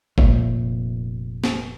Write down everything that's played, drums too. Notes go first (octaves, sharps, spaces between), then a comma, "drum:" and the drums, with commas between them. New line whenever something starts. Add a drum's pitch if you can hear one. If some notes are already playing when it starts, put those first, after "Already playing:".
F1 A#2 A3, drum: kick
drum: snare B3